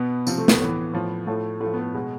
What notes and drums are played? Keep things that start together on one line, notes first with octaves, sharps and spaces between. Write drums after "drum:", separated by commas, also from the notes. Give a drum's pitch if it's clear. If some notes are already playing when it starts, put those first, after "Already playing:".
Already playing: B2 B3
C3 F3 C4, drum: tambourine
A3
B3, drum: snare
A2 E3
A2 F3
A2 F3 A3
A2 A3
F3
B3
A3
B2 G#3